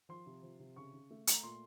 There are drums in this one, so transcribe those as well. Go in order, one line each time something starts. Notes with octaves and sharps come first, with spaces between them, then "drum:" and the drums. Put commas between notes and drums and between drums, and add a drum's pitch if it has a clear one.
F3 C6
C3
F3
C3
C#3 C#6
C#3
A3
A3 A#5, drum: hi-hat
A#2 C6